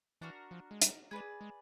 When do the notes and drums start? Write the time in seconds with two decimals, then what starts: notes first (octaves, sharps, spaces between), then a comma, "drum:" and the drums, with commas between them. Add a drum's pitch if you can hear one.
0.21 E3 D4 F#4 A#4
0.51 F3
0.71 G#3
0.82 G3, drum: hi-hat
1.11 G#3 G#4 B4 D5
1.41 G#3